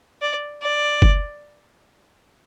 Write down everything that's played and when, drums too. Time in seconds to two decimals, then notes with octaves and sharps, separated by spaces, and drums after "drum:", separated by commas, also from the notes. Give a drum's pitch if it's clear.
0.22 D5
0.62 D5
1.02 drum: kick F#1